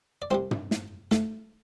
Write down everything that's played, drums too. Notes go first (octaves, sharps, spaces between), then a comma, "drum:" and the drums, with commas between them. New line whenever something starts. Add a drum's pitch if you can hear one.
D5
C2 C3 G3 C4 C5
drum: tom
drum: snare
A3 A4, drum: snare